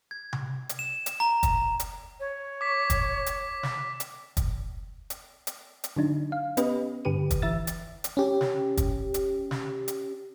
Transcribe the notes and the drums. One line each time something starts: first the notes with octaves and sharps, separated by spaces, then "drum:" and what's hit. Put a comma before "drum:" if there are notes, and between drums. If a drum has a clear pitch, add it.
G#6
drum: tom C3
drum: hi-hat
E7
drum: hi-hat
A#5
drum: kick, hi-hat
drum: hi-hat
C#5
D6 B6
drum: kick, hi-hat
drum: hi-hat
drum: snare
drum: hi-hat
drum: kick, hi-hat
drum: hi-hat
drum: hi-hat
drum: hi-hat
D3 F#3 D4 D#4
F5
B3 C#4 G4 B4 D#5, drum: hi-hat
G2 D3 G4 B4 D#7
drum: kick, hi-hat
E3 E5 E6 A6
drum: hi-hat
drum: hi-hat
C#4 G4
drum: snare
drum: kick, hi-hat
drum: hi-hat
drum: snare
drum: hi-hat